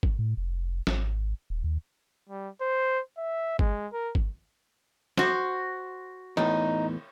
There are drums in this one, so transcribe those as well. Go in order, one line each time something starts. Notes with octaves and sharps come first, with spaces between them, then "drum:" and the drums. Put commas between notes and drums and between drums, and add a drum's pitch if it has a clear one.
drum: kick G1
A2
F1
G#1, drum: snare
D#1
D#2
G3
C5
E5
G#3, drum: kick G1
A#4
drum: kick G1
F#4 C5, drum: snare
E2 A2 D#4, drum: cymbal